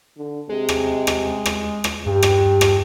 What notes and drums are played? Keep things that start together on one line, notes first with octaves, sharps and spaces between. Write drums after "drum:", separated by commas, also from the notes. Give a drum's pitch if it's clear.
D3
C3 G#3
drum: rim click
drum: rim click
drum: rim click
drum: rim click
G2 G4
drum: rim click
drum: rim click